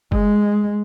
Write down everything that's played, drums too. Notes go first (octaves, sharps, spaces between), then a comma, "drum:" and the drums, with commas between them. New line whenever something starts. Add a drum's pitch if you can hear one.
G#3, drum: kick F#1